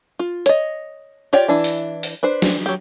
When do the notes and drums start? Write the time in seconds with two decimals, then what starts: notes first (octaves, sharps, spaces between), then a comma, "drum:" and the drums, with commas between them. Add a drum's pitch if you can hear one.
0.19 F4
0.46 C#5 D#5, drum: hi-hat
1.33 F4 G4 C#5 D5 G5
1.48 E3 D4 E4
1.64 drum: open hi-hat
2.03 drum: open hi-hat
2.23 D4 B4 C5
2.42 drum: snare
2.66 F#3 G4